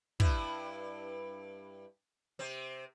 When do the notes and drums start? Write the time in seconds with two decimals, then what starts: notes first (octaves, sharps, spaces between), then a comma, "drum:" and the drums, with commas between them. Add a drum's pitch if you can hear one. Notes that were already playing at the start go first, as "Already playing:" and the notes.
0.20 G2 E4, drum: kick
2.39 C3 C4